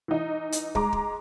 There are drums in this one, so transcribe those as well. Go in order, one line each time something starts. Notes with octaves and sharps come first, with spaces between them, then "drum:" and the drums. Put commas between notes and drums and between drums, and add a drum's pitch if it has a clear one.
E3 D#4
drum: hi-hat
G#3 A#5 D6, drum: kick
drum: kick